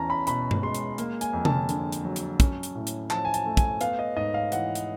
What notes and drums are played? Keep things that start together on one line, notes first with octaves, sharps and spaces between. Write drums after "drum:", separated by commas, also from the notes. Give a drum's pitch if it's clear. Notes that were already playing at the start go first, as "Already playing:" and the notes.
Already playing: E2 C#4 A5 A#5
B5
B2 B5, drum: hi-hat
drum: tom G2
G#3 C6
drum: hi-hat
A#3, drum: hi-hat
G#5, drum: hi-hat
F2
A5, drum: tom C3
D3, drum: hi-hat
drum: hi-hat
F#3
drum: hi-hat
C#4, drum: kick, hi-hat
drum: hi-hat
A2
drum: hi-hat
F3 A5, drum: clap
G#5
A5, drum: hi-hat
A3
G#5, drum: kick, hi-hat
B3 F5, drum: hi-hat
D#5
G#2 D#5
F5
E3 F#5, drum: hi-hat
drum: hi-hat